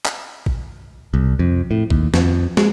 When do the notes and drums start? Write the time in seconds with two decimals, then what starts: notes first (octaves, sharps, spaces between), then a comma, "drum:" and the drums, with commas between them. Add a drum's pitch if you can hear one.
0.06 drum: clap
0.46 drum: kick
1.14 C2
1.39 F2
1.71 A2
1.90 D#2, drum: kick
2.14 F2, drum: snare
2.57 G#3, drum: snare